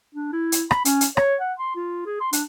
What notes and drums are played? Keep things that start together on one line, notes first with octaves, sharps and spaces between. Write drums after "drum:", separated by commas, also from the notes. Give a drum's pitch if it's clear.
D4
E4
drum: hi-hat
B5, drum: rim click
C#4, drum: hi-hat
drum: hi-hat
C#5, drum: rim click
F#5
C6
F4
G#4
C6
D4, drum: hi-hat